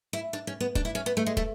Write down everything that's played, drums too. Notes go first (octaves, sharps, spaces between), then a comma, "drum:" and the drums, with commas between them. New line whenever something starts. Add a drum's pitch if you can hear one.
E4
D4
C#4
B3
D4, drum: kick
E4
C#4
B3
A3
G#3
A3, drum: kick